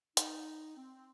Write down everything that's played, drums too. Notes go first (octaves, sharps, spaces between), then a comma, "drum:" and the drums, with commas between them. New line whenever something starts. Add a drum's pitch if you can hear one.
D#4, drum: hi-hat
C4